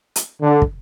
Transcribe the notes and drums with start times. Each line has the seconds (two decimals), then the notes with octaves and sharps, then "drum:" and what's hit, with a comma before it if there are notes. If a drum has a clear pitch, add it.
0.16 drum: hi-hat
0.42 D3
0.62 drum: kick